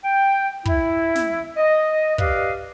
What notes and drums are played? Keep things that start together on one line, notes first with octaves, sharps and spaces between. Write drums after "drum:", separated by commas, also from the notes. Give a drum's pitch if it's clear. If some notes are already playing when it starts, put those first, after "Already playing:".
G5
E4, drum: kick
drum: snare
D#5
G4 B4 D5 D#5 F5, drum: kick